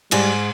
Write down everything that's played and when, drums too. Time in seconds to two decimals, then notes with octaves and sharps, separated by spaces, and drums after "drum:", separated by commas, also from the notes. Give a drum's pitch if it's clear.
0.11 G#2 G3, drum: cymbal